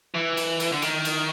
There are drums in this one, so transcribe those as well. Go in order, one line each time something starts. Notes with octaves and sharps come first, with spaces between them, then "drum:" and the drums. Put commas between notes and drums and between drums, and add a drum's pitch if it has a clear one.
E3
drum: cymbal
drum: cymbal
D3
D#3, drum: cymbal
drum: cymbal